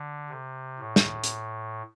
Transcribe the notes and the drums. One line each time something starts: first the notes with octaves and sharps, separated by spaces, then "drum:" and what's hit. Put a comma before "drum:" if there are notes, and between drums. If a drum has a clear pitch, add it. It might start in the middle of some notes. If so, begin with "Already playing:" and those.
Already playing: D3
C3
A2
drum: snare
drum: hi-hat